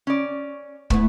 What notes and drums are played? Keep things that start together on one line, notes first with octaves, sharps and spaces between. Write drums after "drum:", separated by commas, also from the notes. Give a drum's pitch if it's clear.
C#4 D5
A3 B3 E4, drum: kick